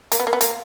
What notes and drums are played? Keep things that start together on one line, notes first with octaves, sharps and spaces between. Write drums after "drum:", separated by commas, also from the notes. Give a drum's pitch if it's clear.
A#3, drum: hi-hat
B3
A#3
B3
A#3, drum: hi-hat